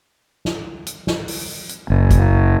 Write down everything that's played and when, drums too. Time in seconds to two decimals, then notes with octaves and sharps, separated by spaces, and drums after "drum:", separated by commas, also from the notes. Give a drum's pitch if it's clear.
0.45 drum: snare
0.86 drum: hi-hat
1.07 drum: snare
1.28 drum: open hi-hat
1.69 drum: hi-hat
1.90 F#1
2.11 drum: kick, hi-hat